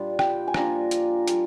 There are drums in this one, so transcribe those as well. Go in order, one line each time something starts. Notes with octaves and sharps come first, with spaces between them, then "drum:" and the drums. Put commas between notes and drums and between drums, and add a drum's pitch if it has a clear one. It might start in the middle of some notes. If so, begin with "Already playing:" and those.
Already playing: A#2 G3 A#3 D4 F4
G5, drum: rim click
G#5
F3 A#3 D4 F4 A#5, drum: rim click
drum: hi-hat
G3 A#3 F4, drum: hi-hat